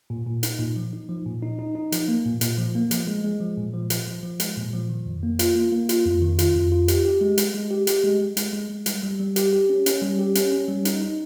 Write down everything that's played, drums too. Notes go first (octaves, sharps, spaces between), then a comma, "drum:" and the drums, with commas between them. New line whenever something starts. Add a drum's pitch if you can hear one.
A#2
A#2
D#4, drum: hi-hat
A#2
F3
D#4
F3
A#2
D#4
D#4
D#4
F3, drum: hi-hat
A#3
A#2
A#2, drum: hi-hat
F3
A#3
F3, drum: hi-hat
G#3
G#3
F3
A#2
F3
F3, drum: hi-hat
F3
F3
G#3, drum: hi-hat
A#2
F3
D#3
F2
A#3
F4, drum: hi-hat
A#3
A#3
F4, drum: hi-hat
F2
D#3
F4, drum: hi-hat
F2
F4
G4, drum: hi-hat
G4
G#3
G#3, drum: hi-hat
G#3
G4
G4, drum: hi-hat
G#3
G#3
G#3, drum: hi-hat
G#3
G#3
G3, drum: hi-hat
G3
G3
G4, drum: hi-hat
G4
C#4
C#4, drum: hi-hat
G3
G4
C#4, drum: hi-hat
C#4
G3
D#4, drum: hi-hat
D#4